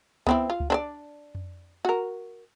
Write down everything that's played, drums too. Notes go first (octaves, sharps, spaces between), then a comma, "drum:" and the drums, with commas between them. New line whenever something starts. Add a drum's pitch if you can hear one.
B3 C4 E4, drum: kick C#2
F4
drum: kick C#2
D4 C5 D5
drum: tom F2
F#4 A#4